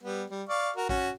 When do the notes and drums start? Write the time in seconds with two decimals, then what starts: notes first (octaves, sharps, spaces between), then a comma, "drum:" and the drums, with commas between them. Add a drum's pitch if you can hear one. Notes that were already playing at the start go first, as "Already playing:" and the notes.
0.03 G3 B3
0.30 G3
0.49 D5 F5 C#6
0.76 F#4 A#4
0.89 C#4 F#4, drum: kick